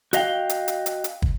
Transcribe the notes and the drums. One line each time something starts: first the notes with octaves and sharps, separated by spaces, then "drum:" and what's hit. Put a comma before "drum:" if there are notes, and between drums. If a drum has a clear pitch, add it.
F#4 D#5 F5 G5, drum: hi-hat
drum: hi-hat
drum: hi-hat
drum: hi-hat
drum: hi-hat
drum: kick